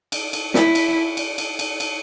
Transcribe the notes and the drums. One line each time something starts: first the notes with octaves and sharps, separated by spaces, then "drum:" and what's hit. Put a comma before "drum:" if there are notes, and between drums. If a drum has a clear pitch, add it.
drum: cymbal
drum: cymbal
E4, drum: snare
drum: cymbal
drum: cymbal
drum: cymbal
drum: cymbal
drum: cymbal